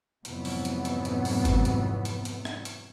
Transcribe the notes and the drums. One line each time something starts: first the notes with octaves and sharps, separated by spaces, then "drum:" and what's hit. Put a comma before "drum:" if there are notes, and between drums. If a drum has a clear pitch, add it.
F2 G#2 C3 E3 F#3 B3, drum: hi-hat
drum: open hi-hat
drum: hi-hat
drum: hi-hat
drum: hi-hat
drum: open hi-hat
drum: kick G1, hi-hat
drum: hi-hat
drum: hi-hat
drum: hi-hat
drum: rim click
drum: hi-hat